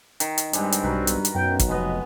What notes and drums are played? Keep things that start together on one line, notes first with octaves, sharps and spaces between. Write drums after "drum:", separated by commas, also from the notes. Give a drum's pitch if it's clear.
D#3, drum: hi-hat
drum: hi-hat
G2 G3 G#3 C4, drum: hi-hat
drum: hi-hat
B1 F#4 A#4 B4
drum: hi-hat
drum: hi-hat
B1 F#2 G5
drum: kick, hi-hat
F1 G#3 B3 D#5